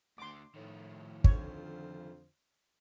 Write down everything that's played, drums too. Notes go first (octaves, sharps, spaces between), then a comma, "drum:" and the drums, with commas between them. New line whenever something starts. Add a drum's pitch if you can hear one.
D2 D3 C6 D6
A2 D#3 F3
F2 D3 F4 C5 C#5, drum: kick